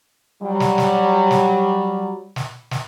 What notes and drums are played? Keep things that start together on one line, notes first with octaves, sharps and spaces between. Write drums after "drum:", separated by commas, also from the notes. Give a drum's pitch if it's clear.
F#3 G3
drum: snare
drum: snare
drum: snare
drum: snare
drum: snare